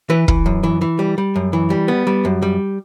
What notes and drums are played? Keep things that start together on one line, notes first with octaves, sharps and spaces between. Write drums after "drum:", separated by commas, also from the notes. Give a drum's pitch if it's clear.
E3 B4
E3, drum: kick
F#2
E3
E3
G3
G3
F#2
E3
G3
B3
G3
F#2
G3